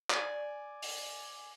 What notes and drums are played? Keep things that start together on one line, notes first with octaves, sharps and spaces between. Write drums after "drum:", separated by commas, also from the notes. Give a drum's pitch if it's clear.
D5 G#5, drum: clap
drum: open hi-hat